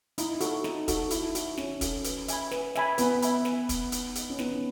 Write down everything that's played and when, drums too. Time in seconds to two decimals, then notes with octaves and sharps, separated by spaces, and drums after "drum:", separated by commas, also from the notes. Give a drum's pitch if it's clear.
0.18 D#4 E4, drum: hi-hat
0.40 F#4 A4, drum: hi-hat
0.64 D#4, drum: snare
0.88 F#4 A4, drum: kick, hi-hat
1.11 D#4 E4, drum: hi-hat
1.35 F#4 A4, drum: hi-hat
1.57 C#4 D#4, drum: snare
1.81 F#4 A4, drum: kick, hi-hat
2.04 B4, drum: hi-hat
2.28 E5 G#5 B5, drum: hi-hat
2.51 B4, drum: snare
2.75 E5 G#5 B5, drum: snare
2.98 B3 B4, drum: hi-hat
3.22 E5 G#5 B5, drum: hi-hat
3.45 B4, drum: snare
3.69 E5 G#5 B5, drum: kick, hi-hat
3.92 D#4, drum: hi-hat
4.15 G#4 D#5, drum: hi-hat
4.30 C#4
4.39 B3 D#4, drum: snare